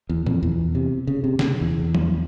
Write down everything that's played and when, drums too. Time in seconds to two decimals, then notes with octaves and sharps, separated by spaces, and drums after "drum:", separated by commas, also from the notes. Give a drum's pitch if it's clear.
0.09 E2
0.27 F2, drum: tom
0.43 E2
0.75 C3
1.07 C#3
1.24 C3
1.39 C#3, drum: snare
1.61 E2
1.95 drum: tom